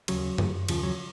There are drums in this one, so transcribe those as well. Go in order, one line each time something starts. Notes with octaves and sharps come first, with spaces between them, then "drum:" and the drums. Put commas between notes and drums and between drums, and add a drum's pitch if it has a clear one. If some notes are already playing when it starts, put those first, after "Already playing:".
D#2 C#3 F#3, drum: cymbal
drum: tom F#2
D#2 C#3 F3, drum: cymbal
F#3